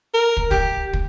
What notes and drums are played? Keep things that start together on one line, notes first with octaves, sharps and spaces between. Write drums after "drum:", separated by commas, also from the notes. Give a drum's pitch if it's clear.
A#4
drum: kick
G4, drum: kick
drum: kick